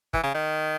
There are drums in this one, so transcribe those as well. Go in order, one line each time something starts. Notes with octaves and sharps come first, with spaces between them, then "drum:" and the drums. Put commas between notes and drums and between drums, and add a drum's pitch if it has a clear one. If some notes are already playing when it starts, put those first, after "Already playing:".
E3, drum: kick
C#3
D#3